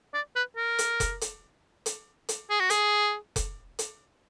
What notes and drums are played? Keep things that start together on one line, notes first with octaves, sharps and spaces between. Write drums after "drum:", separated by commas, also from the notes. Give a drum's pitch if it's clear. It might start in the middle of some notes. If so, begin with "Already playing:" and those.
D5
B4
A#4
drum: hi-hat
drum: kick F1, hi-hat
drum: hi-hat
drum: hi-hat
drum: hi-hat
G#4
F#4
G#4, drum: hi-hat
drum: kick F1, hi-hat
drum: hi-hat